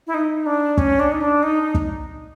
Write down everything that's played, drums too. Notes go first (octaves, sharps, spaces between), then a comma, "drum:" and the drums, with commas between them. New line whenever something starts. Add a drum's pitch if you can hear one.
E4
D#4
D4
C#4, drum: kick
D4
D#4
D4
D#4
drum: kick